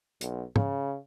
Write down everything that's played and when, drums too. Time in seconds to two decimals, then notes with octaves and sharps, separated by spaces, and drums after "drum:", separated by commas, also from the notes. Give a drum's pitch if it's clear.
0.21 B1, drum: hi-hat
0.56 C#3, drum: tom